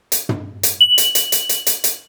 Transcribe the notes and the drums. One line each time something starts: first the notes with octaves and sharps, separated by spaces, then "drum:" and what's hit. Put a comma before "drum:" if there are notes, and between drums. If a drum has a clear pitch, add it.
drum: hi-hat
drum: tom
drum: hi-hat
F#7
drum: hi-hat
drum: hi-hat
drum: hi-hat
drum: hi-hat
drum: hi-hat
drum: hi-hat